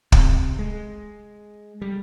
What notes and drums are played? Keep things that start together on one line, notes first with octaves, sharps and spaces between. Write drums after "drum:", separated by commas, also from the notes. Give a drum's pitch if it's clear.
C3, drum: kick
G#3
G3